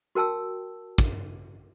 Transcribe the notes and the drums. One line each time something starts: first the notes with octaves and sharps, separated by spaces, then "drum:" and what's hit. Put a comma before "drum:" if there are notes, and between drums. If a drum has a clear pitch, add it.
F#4 A#4 G5 A5 E6
drum: kick